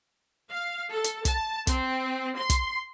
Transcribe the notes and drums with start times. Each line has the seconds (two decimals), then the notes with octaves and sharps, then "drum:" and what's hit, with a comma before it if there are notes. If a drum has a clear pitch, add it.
0.50 F5
0.92 A4
1.04 drum: hi-hat
1.25 A5, drum: kick, hi-hat
1.67 C4, drum: kick, hi-hat
2.37 C6
2.50 drum: kick, hi-hat